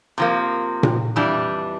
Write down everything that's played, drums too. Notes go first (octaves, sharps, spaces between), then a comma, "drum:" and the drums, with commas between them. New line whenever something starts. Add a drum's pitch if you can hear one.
C3 F3 A#3
drum: tom A#2
F2 E3 G3 D4